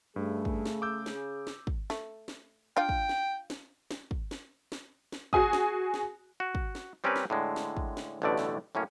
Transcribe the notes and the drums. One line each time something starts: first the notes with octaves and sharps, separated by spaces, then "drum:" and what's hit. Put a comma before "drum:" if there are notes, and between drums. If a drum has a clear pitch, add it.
G2 C#3 A3 G#4
drum: kick
drum: snare
D6 E6 G6
drum: snare
drum: snare
drum: kick
A3, drum: snare
drum: snare
D4 F4 F5 G5
drum: kick
drum: snare
drum: snare
drum: snare
drum: kick
drum: snare
drum: snare
drum: snare
F#4 G#4 G#5 D#6, drum: kick
drum: snare
drum: snare
F#4
drum: kick
drum: snare
G3 C4 C#4 G4 A#4 B4
drum: snare
A2 D3 G#3
drum: snare
drum: kick
drum: snare
A1 G2 B2 D3 A3 D5
drum: snare
F#2 A2 A#3 C#4